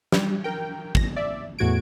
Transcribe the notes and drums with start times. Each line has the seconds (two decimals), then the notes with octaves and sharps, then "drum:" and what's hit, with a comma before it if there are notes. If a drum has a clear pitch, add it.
0.12 G3, drum: snare
0.44 A#4 G5
0.95 G1 A#6, drum: kick
1.16 D5 E5
1.59 E2 A2 F#4 G#6 D7